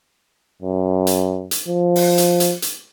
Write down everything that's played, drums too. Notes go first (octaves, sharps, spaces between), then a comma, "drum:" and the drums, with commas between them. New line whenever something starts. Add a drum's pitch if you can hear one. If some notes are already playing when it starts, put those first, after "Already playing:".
F#2
drum: hi-hat
drum: hi-hat
F3
drum: open hi-hat
drum: hi-hat
drum: hi-hat
drum: hi-hat